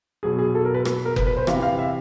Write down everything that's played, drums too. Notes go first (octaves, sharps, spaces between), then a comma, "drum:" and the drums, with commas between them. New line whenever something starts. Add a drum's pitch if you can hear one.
B2 F#3 G#4
G#4
A4
A#4
B4
drum: rim click
A#4
B4, drum: kick F#1
B4
C5
C3 E3 F5, drum: rim click
F5
E5